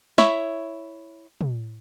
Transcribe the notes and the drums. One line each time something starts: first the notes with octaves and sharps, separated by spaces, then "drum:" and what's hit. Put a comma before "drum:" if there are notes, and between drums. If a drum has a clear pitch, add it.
E4 C#5 E5, drum: snare
drum: tom